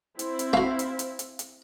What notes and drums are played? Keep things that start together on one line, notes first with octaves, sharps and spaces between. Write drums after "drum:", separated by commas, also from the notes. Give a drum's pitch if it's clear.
C4 E4, drum: hi-hat
drum: hi-hat
A3 F#4 F5
drum: hi-hat
drum: hi-hat
drum: hi-hat
drum: hi-hat